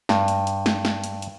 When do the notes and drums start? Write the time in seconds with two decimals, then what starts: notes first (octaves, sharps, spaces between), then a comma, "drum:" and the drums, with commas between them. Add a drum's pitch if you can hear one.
0.09 G2, drum: snare
0.28 drum: hi-hat
0.47 drum: hi-hat
0.66 drum: snare
0.85 drum: snare
1.04 drum: hi-hat
1.22 drum: hi-hat